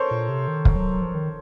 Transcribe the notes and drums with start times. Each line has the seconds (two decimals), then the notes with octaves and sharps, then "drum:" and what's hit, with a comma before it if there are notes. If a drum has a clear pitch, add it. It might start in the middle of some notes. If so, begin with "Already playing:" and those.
Already playing: A4 A#4 C5 C#5
0.11 A#2
0.29 C3
0.48 D#3
0.65 drum: kick
0.75 F#3
1.02 F3
1.15 D#3